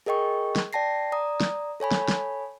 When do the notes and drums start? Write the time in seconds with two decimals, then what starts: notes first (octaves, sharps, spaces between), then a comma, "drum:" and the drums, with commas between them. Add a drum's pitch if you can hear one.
0.06 G#4 A#4 D#5 G5 C#6
0.56 drum: snare
0.73 D5 G5 A5 A#6 C7
1.12 D5 A#5 D#6
1.40 drum: snare
1.80 A4 C#5 G#5 B5
1.91 drum: snare
2.08 drum: snare